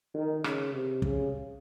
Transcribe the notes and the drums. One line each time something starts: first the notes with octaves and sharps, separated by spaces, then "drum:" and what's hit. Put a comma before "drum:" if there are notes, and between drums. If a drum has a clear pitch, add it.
D#3
C#3, drum: rim click
C3
C#3, drum: kick